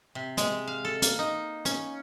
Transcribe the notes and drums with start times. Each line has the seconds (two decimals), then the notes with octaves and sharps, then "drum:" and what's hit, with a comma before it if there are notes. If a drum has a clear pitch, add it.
0.15 C3
0.37 G#3, drum: hi-hat
0.67 F5
0.85 A4
1.02 A#3, drum: hi-hat
1.19 D#4
1.65 C#4, drum: hi-hat